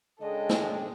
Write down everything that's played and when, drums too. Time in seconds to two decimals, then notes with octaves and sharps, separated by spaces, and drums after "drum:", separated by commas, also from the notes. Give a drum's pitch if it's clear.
0.21 C#3 G#3 D4 A4 D#5 G5
0.49 drum: snare